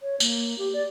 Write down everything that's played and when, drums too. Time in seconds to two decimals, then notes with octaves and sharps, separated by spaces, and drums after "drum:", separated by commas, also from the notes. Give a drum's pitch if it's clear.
0.02 C#5
0.20 A#3, drum: tambourine
0.58 G4
0.73 D5